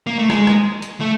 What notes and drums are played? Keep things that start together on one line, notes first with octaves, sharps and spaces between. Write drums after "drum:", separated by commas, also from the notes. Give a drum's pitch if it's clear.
A#3
A3
G#3, drum: rim click
drum: rim click
drum: hi-hat
A3